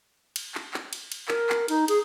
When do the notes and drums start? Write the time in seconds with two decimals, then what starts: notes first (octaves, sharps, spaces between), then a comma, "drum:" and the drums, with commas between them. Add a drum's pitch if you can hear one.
0.36 drum: cymbal
0.55 drum: clap
0.74 drum: clap
0.93 drum: cymbal
1.12 drum: cymbal
1.28 A#4, drum: clap
1.49 drum: clap
1.68 D#4, drum: cymbal
1.88 G#4, drum: cymbal